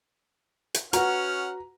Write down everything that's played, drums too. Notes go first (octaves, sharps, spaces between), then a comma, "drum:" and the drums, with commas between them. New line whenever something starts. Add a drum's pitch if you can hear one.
drum: hi-hat
C#4 F#4 B4 F#5 A#5 F6, drum: hi-hat